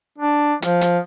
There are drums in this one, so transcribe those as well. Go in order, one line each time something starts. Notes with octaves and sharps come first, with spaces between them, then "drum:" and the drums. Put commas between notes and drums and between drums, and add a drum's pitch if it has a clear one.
D4
F3, drum: hi-hat
drum: hi-hat